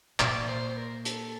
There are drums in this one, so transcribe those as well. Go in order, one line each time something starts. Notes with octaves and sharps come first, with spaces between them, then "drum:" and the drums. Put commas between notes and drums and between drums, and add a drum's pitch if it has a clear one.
A#2 D5, drum: clap
C5
C5
A#4
A4, drum: hi-hat